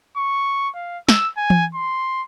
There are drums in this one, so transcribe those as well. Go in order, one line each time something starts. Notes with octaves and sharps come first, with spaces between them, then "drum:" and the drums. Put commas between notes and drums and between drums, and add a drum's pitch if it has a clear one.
C#6
F5
E6, drum: snare
G#5
drum: tom E3
C6